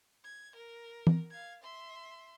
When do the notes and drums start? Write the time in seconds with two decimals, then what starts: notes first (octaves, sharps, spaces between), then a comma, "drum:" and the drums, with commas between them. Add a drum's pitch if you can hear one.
0.24 G#6
0.56 A#4
1.07 drum: tom
1.31 F5 G#6
1.63 E5 C6